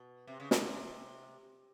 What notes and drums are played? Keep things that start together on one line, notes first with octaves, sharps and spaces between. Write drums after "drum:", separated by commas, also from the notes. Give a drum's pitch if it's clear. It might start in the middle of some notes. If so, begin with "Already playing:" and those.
Already playing: B2
C3
C#3
C3, drum: snare